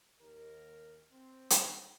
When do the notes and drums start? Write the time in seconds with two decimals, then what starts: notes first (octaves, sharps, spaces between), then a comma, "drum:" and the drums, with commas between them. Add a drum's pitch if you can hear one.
0.20 D#2 A#4
1.11 C4
1.50 drum: hi-hat